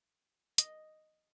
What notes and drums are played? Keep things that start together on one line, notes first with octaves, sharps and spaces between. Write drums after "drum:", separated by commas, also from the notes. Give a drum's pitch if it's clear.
D#5, drum: hi-hat